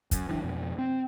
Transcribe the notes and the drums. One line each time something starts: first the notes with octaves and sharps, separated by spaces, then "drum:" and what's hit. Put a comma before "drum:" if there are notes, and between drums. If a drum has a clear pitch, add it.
F#2, drum: kick, hi-hat
F#1 E3 D4
F2 B2
C4